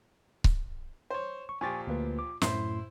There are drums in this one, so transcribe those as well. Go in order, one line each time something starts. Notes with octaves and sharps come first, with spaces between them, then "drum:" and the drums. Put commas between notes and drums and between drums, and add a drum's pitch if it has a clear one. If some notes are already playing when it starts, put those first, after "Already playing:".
drum: kick C#1
C5 C#5
C#6
A#2 F3 G4 G#5 C#6 A6
D2 A#3 B4
D6
F#2 A2 E4 C5 C6, drum: snare